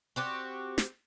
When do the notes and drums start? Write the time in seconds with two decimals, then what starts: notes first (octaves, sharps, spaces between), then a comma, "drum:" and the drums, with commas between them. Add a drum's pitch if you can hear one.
0.16 C4 F#4 G4
0.78 drum: snare